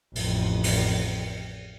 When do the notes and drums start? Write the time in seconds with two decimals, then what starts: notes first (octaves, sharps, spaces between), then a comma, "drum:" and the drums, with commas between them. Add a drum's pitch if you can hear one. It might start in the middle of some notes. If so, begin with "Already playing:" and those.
0.16 A1 F2, drum: open hi-hat
0.64 drum: open hi-hat